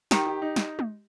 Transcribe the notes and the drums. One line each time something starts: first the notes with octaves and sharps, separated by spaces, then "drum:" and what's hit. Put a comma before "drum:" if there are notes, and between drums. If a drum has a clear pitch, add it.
D#3 G4, drum: snare
G4
D#4
drum: snare
drum: tom G#3